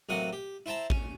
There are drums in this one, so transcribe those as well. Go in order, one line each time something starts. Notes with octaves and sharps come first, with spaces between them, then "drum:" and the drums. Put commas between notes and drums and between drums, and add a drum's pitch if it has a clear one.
A1 C3 F#3 A#3 F#5 D#6
G4
E4 C5 G5 A5 A#5
C#4, drum: kick A1